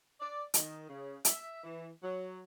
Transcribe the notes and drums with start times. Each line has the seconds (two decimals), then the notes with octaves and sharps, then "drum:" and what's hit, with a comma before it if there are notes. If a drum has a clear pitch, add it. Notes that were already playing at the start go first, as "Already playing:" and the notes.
0.20 D5
0.54 D#3, drum: hi-hat
0.89 C#3
1.25 E5, drum: hi-hat
1.64 E3
2.02 F#3